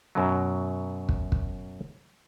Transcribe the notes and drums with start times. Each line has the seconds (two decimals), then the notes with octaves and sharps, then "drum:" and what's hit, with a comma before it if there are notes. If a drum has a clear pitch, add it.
0.15 F#2 B2 F#3
1.09 drum: kick
1.32 drum: kick